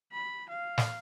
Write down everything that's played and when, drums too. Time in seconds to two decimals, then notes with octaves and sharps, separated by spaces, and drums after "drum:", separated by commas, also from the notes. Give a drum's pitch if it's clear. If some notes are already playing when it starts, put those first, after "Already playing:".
0.12 B5
0.49 F5
0.78 drum: snare